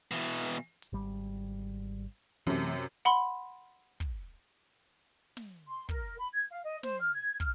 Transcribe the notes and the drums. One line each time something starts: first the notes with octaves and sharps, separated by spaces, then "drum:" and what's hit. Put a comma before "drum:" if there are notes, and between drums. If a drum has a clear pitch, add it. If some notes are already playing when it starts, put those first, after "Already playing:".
B2 E3, drum: hi-hat
drum: hi-hat
G#1 G3
F#2 C3 E3 A3
F#5 B5 C6, drum: hi-hat
drum: kick
drum: snare
C6
A#4, drum: kick
B5
G#6
F5
D#5
C5, drum: snare
F6
G#6
F6, drum: kick